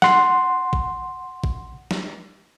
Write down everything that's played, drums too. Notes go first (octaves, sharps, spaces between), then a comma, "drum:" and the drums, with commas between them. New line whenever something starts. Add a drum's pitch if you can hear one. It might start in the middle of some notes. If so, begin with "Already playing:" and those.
F#5 C6, drum: snare
drum: kick A1
drum: kick A1
drum: snare